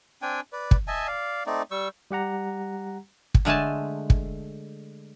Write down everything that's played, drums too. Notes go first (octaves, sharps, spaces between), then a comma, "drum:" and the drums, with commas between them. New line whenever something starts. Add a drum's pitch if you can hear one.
C4 D4 G5 G#5
B4 D5
drum: kick
D#5 E5 G#5 A5
D5 F5
A3 C4 D#4 D5
G3 C#6 E6
G3 G4 F#5 A#5
drum: kick
D3 G#3 A3 G#5 A5
drum: kick